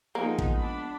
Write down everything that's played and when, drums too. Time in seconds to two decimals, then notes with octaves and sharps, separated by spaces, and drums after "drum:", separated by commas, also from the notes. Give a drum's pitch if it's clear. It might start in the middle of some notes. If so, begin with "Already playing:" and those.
0.15 F3 G#3 A#3 B3 D#4
0.38 drum: kick
0.57 D4 B5